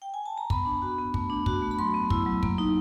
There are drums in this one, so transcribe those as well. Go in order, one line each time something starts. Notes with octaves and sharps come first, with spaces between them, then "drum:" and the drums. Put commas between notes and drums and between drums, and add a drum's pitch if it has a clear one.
G5
G#5
A5
A#5
B3 B5, drum: kick
D4
F#4
B3
A3, drum: kick
D4
F#4, drum: kick
A3
B5
F#3 C6
B3
E4, drum: kick
F#3
A#3, drum: kick
D#4